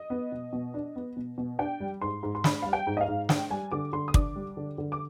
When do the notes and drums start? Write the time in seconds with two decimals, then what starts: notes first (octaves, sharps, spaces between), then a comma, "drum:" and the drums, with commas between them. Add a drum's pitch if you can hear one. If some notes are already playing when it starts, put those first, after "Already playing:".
Already playing: D#5
0.10 B3
0.32 B2
0.53 B2
0.74 D4
0.96 B3
1.17 B2
1.38 B2
1.59 D4 G5
1.80 G3
2.02 G#2 C6
2.23 G#2
2.35 C6
2.44 D4 B5, drum: snare
2.62 G3 F5
2.73 G5
2.87 G#2
2.97 D#5
3.01 F5
3.08 G#2
3.29 D4 G5, drum: snare
3.51 G3 G#5
3.72 D3 D6
3.93 D3 C6
4.08 D#6
4.14 D4 D6, drum: kick
4.36 G3
4.57 D3
4.78 D3
4.92 D6